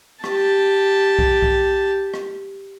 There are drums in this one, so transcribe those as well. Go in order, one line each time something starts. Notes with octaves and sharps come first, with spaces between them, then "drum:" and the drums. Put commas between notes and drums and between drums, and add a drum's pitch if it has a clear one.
G4 A5, drum: rim click
drum: kick B1
drum: kick B1
drum: rim click